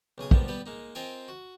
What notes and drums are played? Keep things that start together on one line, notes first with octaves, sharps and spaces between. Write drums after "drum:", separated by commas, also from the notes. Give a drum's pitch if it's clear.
B1 C#3 G#4 D#6
F3 G3 A#3 B3, drum: kick
G3 B3 G4 B4
G#3 A#3 D#4
C4 F4 A#4 D#5 G5 G#5
F#4